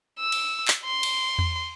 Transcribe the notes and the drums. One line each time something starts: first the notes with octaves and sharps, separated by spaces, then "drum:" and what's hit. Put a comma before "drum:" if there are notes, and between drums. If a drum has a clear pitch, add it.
E6
drum: cymbal
drum: clap
C6
drum: cymbal
drum: tom E2